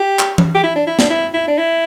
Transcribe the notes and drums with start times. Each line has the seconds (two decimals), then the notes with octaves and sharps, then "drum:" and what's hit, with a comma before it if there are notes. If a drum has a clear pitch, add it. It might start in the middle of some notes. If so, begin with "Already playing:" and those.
Already playing: G4
0.19 drum: clap
0.38 drum: tom E3
0.55 G4
0.63 E4
0.76 D4
0.87 E4
0.99 D4, drum: snare
1.10 E4
1.34 E4
1.48 D4
1.58 E4